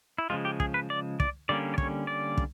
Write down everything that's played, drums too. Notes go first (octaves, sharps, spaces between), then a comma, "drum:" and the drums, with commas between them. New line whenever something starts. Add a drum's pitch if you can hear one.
E4
C#3 F3 G#3 F4
G4
G#4, drum: kick
B4
D5
D5, drum: kick
D3 G3 A#3 C#4 D5
D5
C#5, drum: kick
D5
drum: kick